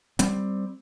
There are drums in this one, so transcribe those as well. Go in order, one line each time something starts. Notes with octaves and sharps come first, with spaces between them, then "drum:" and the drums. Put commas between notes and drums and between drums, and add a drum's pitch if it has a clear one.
G3 C4, drum: hi-hat